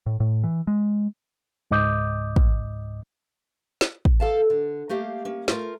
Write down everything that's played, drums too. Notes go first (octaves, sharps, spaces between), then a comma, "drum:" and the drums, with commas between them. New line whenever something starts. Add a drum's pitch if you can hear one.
A2
A2
E3
G#3
C#2 G#2 D#5 D6 D#6 G6
drum: kick
drum: snare
drum: kick
A4 F5 A5
D3
A3 A#3 G4 F5
A#3 C#4
A3 F4 A#4, drum: snare